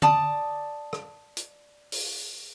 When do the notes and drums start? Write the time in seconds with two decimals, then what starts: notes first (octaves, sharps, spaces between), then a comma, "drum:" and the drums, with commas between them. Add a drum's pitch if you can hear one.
0.02 D5 A5 D#6, drum: tom D3
0.93 drum: rim click
1.37 drum: hi-hat
1.92 drum: open hi-hat